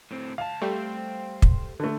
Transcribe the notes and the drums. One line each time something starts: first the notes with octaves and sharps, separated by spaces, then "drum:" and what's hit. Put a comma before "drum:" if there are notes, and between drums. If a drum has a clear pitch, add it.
A2 C4
C#2 F5 A5
G3 A3 C5 G5
drum: kick
D3 A3